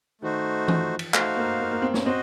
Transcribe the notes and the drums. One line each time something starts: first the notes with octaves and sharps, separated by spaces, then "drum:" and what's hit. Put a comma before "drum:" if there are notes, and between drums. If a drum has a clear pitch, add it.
D#3 A3 D#4 F#4 C5
F3, drum: tom E3
drum: cymbal
A3 D#4 F#4 C5 F5, drum: clap
A#3
A#3
A#3
C4
C#4, drum: snare
C4 F#4 C5 D#5